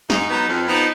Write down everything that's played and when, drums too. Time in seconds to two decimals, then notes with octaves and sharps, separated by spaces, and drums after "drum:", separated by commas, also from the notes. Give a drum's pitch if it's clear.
0.10 G#2 D#4, drum: snare
0.30 F#3 B3 D#4
0.48 F2
0.68 F3 B3 D#4